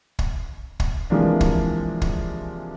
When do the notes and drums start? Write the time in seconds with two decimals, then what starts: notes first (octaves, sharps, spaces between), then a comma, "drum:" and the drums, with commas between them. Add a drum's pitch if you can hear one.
0.19 drum: kick
0.80 drum: kick
1.10 C3 E3 F3 G#3 A#3 D4
1.41 drum: kick
2.02 drum: kick